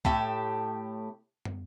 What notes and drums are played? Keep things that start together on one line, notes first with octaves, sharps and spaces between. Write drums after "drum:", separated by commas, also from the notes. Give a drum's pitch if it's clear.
A2 G4 E5, drum: kick C2
drum: tom